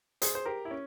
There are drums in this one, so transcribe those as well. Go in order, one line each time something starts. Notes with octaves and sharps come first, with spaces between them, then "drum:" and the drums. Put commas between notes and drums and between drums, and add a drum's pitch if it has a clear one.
G#4 C5, drum: hi-hat
C5
G4 A#4
E4
C#4